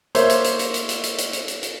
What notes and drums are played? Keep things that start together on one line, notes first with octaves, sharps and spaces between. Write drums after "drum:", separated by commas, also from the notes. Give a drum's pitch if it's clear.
A#3 C5 C#5 E5, drum: hi-hat
drum: hi-hat
drum: hi-hat
drum: hi-hat
drum: hi-hat
drum: hi-hat
drum: hi-hat
drum: hi-hat
drum: hi-hat
drum: hi-hat
drum: hi-hat